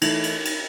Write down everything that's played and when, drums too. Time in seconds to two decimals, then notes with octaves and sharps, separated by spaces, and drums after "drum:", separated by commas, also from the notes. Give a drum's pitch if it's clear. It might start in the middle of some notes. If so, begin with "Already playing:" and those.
0.01 E3 A3 D#4 E4, drum: cymbal
0.24 drum: cymbal
0.45 drum: cymbal